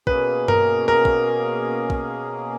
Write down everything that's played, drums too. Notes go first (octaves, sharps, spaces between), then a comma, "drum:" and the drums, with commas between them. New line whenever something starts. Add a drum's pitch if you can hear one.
B2 A#3 C#4 G#4 B4, drum: kick
A#4, drum: tom G2
A#4
drum: kick
drum: kick